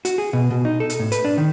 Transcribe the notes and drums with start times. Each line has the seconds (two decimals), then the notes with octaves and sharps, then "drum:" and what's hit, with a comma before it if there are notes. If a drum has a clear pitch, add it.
0.05 F#4, drum: hi-hat
0.18 G#4
0.33 B2
0.51 B2
0.65 D#4
0.80 A4
0.90 drum: hi-hat
0.99 A2
1.12 B4, drum: hi-hat
1.25 D4
1.38 D#3